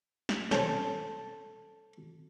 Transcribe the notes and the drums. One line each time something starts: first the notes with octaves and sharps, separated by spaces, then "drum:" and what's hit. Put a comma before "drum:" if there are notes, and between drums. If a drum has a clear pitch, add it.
drum: snare
C#4 A4 C5, drum: snare